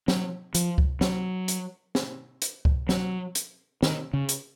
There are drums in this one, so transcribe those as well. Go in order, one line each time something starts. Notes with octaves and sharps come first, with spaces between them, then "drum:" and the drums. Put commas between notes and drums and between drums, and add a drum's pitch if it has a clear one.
F#3, drum: snare
F3, drum: hi-hat
drum: kick C#2
F#3, drum: snare
drum: hi-hat
drum: snare
drum: hi-hat
drum: kick C#2
F#3, drum: snare
drum: hi-hat
D#3, drum: snare
C#3
drum: hi-hat